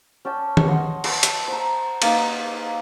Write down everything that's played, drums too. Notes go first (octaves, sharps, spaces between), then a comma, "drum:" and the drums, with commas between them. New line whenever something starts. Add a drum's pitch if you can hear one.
C#4 D5 G5 A5
drum: tom D#3
C#5 D#5 F#5 C6
A4, drum: cymbal
drum: hi-hat
C5 A#5
A#3 D#4, drum: cymbal